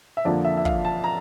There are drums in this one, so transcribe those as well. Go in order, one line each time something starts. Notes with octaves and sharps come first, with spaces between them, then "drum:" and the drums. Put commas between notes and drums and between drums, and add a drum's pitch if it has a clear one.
E5
F2 D3 F3 A#3 D5
E5
E5
F5, drum: kick
A5
A#5